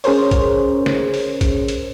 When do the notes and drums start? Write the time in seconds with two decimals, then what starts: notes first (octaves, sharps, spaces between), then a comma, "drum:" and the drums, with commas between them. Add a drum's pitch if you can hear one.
0.04 C#4 G#4 A#4 C5 C#5, drum: open hi-hat
0.31 drum: kick, hi-hat
0.86 drum: snare
1.14 drum: open hi-hat
1.41 drum: kick, hi-hat
1.68 drum: hi-hat